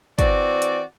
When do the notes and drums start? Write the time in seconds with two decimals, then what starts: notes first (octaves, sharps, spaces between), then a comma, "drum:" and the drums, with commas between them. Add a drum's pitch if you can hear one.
0.19 E3 C4 F#4 D5, drum: kick, hi-hat
0.62 drum: hi-hat